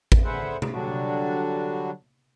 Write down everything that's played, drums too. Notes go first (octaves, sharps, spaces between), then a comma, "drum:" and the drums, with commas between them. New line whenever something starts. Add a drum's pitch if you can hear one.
drum: kick A1
D3 G#4 B4 C5 E5 F#5
drum: tom C3
D3 F#3 G3 D4 F#4